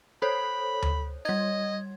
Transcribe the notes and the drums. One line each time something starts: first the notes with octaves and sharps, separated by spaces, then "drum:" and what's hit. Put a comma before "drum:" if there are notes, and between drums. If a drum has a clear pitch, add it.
A4 C5 C#5 B5
drum: tom D2
G3 D#5 G#6